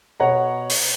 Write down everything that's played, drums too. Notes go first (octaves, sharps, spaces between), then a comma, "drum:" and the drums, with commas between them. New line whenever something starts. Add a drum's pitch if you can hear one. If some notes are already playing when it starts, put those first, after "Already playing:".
B2 C#5 F#5 A#5
drum: open hi-hat